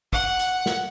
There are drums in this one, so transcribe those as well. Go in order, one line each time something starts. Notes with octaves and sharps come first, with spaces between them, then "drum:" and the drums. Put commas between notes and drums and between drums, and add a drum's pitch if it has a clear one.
F#5, drum: kick
drum: hi-hat
drum: snare